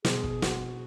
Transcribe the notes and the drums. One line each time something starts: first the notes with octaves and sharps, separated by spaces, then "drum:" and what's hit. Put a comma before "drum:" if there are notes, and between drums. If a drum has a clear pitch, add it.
B2 G#4, drum: snare
drum: kick
F#4, drum: snare